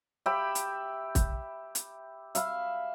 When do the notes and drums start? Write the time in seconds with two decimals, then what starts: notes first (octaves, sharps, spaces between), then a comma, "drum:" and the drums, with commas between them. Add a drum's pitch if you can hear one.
0.26 G4 E5 G5 B5
0.55 drum: hi-hat
1.15 drum: kick, hi-hat
1.75 drum: hi-hat
2.35 E5 F5 B5, drum: hi-hat